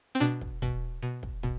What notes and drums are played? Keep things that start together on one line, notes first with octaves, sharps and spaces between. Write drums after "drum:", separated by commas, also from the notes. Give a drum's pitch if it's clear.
C4
B2 D4
drum: kick
B2, drum: kick
B2
drum: kick
B2, drum: kick